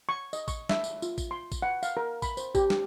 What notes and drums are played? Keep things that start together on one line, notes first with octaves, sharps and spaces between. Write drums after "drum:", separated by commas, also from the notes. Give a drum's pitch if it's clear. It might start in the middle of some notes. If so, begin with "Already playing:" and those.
C#6
D#5, drum: tambourine
C#6, drum: kick A1, tambourine
E5, drum: snare
drum: tambourine
F4, drum: tambourine
drum: kick A1, tambourine
C6
drum: kick A1, tambourine
F#5
F5, drum: tambourine
A#4
B5, drum: kick A1, tambourine
C5, drum: tambourine
G4, drum: kick A1, tambourine
drum: snare